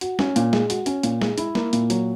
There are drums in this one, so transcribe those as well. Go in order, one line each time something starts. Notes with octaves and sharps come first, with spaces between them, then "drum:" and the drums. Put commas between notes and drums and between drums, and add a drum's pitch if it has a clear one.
F#4, drum: hi-hat
C#4, drum: snare
A#2, drum: hi-hat
G#3, drum: snare
F#4, drum: hi-hat
C#4, drum: hi-hat
A#2, drum: hi-hat
G#3, drum: snare
E4, drum: hi-hat
A#3, drum: snare
A#2, drum: hi-hat
F#3, drum: hi-hat